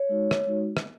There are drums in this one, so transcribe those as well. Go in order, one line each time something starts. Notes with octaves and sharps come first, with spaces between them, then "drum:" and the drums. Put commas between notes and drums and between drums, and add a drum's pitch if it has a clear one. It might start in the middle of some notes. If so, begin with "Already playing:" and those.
Already playing: C#5
G#3 D#4 F#4
drum: rim click
G#3 D#4 F#4
drum: rim click